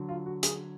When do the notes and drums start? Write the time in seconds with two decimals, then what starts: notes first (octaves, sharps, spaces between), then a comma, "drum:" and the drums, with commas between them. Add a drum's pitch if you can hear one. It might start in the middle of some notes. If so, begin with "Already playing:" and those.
Already playing: D3 F#3
0.09 F4
0.26 F#4
0.43 G#4, drum: hi-hat